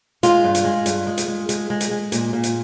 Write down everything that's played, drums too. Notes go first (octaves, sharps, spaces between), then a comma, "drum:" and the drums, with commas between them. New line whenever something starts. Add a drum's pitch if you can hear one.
G#3 F4, drum: hi-hat
G2
drum: hi-hat
G#3
G2, drum: hi-hat
G#3
drum: hi-hat
G#3
G#3, drum: hi-hat
G#3
drum: hi-hat
G#3
A#2, drum: hi-hat
A#2
drum: hi-hat